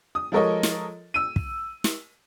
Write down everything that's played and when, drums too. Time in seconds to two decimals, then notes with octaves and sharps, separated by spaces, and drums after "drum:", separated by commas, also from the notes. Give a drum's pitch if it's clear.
0.15 D#6
0.32 F3 G#3 A4 A#4 C#5 D#5
0.63 drum: snare
1.14 E6 D#7
1.36 drum: kick
1.84 drum: snare